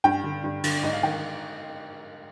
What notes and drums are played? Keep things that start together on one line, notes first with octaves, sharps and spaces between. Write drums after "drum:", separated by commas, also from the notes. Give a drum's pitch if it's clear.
G2 G5
D3
G2
D3, drum: cymbal
G#2 D#5
F5
D#3 G5